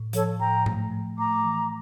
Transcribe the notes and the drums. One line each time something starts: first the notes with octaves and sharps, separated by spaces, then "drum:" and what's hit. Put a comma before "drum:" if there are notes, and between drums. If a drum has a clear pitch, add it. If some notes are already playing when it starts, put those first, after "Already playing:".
Already playing: A2
F3 A4 C#5, drum: hi-hat
A2 G5 A#5
A3, drum: tom G#2
F3
A3 A#5 D6
E3